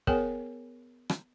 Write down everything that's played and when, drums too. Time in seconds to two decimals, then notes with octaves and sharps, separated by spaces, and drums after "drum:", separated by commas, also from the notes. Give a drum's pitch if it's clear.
0.07 B3 G#4 A#4 C#5 G5 G#5, drum: kick
1.09 drum: rim click